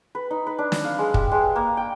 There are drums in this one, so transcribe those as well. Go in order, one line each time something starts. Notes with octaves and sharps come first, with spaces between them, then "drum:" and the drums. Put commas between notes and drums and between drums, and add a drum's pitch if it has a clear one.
B4
D#4
B4
D4
drum: snare
F5
G#3
G4, drum: kick
G#3
A#3
G5